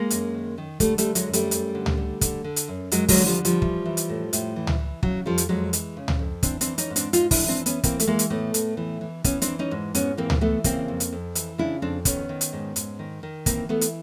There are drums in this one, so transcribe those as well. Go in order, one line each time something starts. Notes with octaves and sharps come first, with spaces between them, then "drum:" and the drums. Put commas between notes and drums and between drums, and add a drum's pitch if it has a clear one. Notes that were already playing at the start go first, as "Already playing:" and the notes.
Already playing: G#3 A#3
F#2, drum: hi-hat
D#3
D#3
D3 G3 A3, drum: kick, hi-hat
G3 A3, drum: hi-hat
D3
F#3 G#3, drum: hi-hat
F#2
G3 A3, drum: hi-hat
F#2, drum: hi-hat
D3
drum: tom C#2
D3
D3, drum: kick, hi-hat
D3
drum: hi-hat
F#2
F#2 F#3 G#3, drum: hi-hat
F#3 G#3, drum: kick, open hi-hat
D3
F3 G3
D3
F3 G3, drum: hi-hat
E3, drum: kick
E3
drum: hi-hat
A2
A2, drum: hi-hat
E3
drum: tom C#2
E3
C#3 F#3, drum: kick
F2 F3 G3
drum: hi-hat
F2 F#3 G#3
E3, drum: hi-hat
C#3
drum: tom C#2
F2
E3 C4 D4, drum: kick, hi-hat
C4 D4, drum: hi-hat
E3
C#4 D#4, drum: hi-hat
G#2
C4 D4, drum: hi-hat
G#2 D#4 F4, drum: hi-hat
D4 E4, drum: kick, open hi-hat
E3
C4 D4
E3
B3 C#4, drum: hi-hat
E3 A#3 C4, drum: kick, hi-hat
A3, drum: hi-hat
E3 G#3 A#3
drum: hi-hat
A2 A3 B3
A2, drum: hi-hat
E3
E3
E3 B3 C#4, drum: kick, hi-hat
C4 D4, drum: hi-hat
E3
C#4 D#4
G#2
G#2 B3 C#4, drum: hi-hat
E3 A#3 C4
drum: tom C#2
E3 A3 B3
C#3 A#3 C4, drum: kick, hi-hat
F2
drum: hi-hat
F2
E3, drum: hi-hat
C#3 D4 E4
F2 C4 D4
D#3 B3 C#4, drum: kick, hi-hat
D#3
drum: hi-hat
G#2
G#2, drum: hi-hat
D#3
D#3
E3 A#3 C4, drum: kick, hi-hat
E3 A3 B3
drum: hi-hat